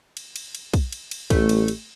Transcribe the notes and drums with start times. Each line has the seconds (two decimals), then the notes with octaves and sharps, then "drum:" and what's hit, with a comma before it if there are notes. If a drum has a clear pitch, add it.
0.17 drum: cymbal
0.36 drum: cymbal
0.55 drum: cymbal
0.74 drum: kick, cymbal
0.92 drum: cymbal
1.11 drum: cymbal
1.30 A1 G3 A3, drum: kick, cymbal
1.49 drum: cymbal
1.68 drum: cymbal